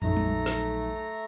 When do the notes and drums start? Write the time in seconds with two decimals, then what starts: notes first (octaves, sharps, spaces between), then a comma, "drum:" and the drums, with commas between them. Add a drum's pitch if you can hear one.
0.02 A#1 F#3 A3 D#4 A#5, drum: tom
0.17 drum: tom G3
0.46 drum: snare